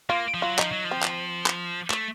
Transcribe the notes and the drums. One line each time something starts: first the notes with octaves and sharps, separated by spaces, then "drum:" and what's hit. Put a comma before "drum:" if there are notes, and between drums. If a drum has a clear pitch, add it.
A#3 F4
F3
F#3 F4
F3 D#4, drum: clap
F#3
F3
C4
drum: clap
drum: clap
A3, drum: clap